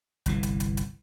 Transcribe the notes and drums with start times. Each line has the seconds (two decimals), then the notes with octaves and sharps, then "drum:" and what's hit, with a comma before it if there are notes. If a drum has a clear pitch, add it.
0.26 G1 C2 E3, drum: hi-hat
0.43 drum: hi-hat
0.60 drum: hi-hat
0.77 drum: hi-hat